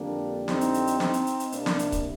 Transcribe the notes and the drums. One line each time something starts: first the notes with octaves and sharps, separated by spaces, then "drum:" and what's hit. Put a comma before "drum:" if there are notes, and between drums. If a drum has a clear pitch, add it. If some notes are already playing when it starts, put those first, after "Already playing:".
Already playing: F2 D3 G3 A#3 D4
C4 D#4, drum: snare
drum: hi-hat
drum: hi-hat
drum: hi-hat
C4 D#4, drum: snare
drum: hi-hat
drum: hi-hat
drum: hi-hat
C2 C3 G3 A#3 D4, drum: hi-hat
drum: snare
drum: hi-hat
drum: kick C#1, hi-hat